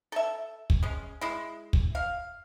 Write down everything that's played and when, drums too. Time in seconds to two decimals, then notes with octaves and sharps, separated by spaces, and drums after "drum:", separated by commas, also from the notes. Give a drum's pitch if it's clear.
0.12 A4 E5
0.70 drum: kick
0.83 G#3 C#4
1.21 G#3 E4
1.73 drum: kick
1.95 F5